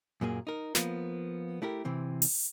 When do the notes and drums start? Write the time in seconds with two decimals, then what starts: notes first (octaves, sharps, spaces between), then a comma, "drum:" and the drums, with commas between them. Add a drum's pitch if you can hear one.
0.21 F#2 A#2 A#3 G#4
0.47 D#4 A#4
0.75 F3 A#3 B3, drum: snare
1.62 A3 E4 G4 A#4
1.85 C3 E3 C4
2.22 drum: open hi-hat